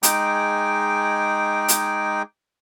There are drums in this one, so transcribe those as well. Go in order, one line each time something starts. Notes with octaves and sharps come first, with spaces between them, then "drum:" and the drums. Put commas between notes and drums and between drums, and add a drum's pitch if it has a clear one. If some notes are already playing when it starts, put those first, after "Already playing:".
G#3 D#4 G#4 G5 D6, drum: hi-hat
drum: hi-hat